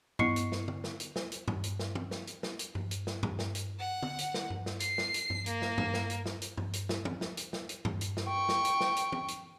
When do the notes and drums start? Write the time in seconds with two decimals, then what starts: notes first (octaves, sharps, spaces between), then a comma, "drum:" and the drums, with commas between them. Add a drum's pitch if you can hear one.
0.19 B3 E4 D#5 C#6 C7 C#7, drum: tom G2
0.36 drum: hi-hat
0.52 drum: snare
0.68 drum: tom D3
0.84 drum: snare
1.00 drum: hi-hat
1.16 drum: snare
1.32 drum: hi-hat
1.48 drum: tom G2
1.64 drum: hi-hat
1.79 drum: snare
1.95 drum: tom
2.11 drum: snare
2.27 drum: hi-hat
2.43 drum: snare
2.59 drum: hi-hat
2.75 drum: tom G2
2.91 drum: hi-hat
3.07 drum: snare
3.23 drum: tom G2
3.39 drum: snare
3.55 drum: hi-hat
3.79 F#5
4.03 drum: tom D3
4.18 drum: hi-hat
4.34 drum: snare
4.50 drum: tom G2
4.66 drum: snare
4.80 C7, drum: hi-hat
4.98 drum: snare
5.14 drum: hi-hat
5.30 drum: tom G2
5.46 A#3, drum: hi-hat
5.62 drum: snare
5.78 drum: tom G2
5.94 drum: snare
6.10 drum: hi-hat
6.26 drum: snare
6.42 drum: hi-hat
6.57 drum: tom G2
6.73 drum: hi-hat
6.89 drum: snare
7.05 drum: tom
7.21 drum: snare
7.37 drum: hi-hat
7.53 drum: snare
7.69 drum: hi-hat
7.85 drum: tom G2
8.01 drum: hi-hat
8.17 drum: snare
8.28 G5 C#6
8.49 drum: snare
8.65 drum: hi-hat
8.81 drum: snare
8.96 drum: hi-hat
9.12 drum: tom
9.28 drum: hi-hat